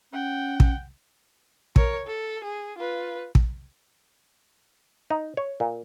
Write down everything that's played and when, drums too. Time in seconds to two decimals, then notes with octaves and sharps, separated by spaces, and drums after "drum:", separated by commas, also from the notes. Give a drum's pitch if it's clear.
0.12 C#4 F#5 G5
0.60 drum: kick
1.76 A#4 C#5, drum: kick
2.07 A4
2.44 G#4
2.78 F4 B4
3.35 drum: kick
5.10 D#4
5.37 C#5
5.60 A#2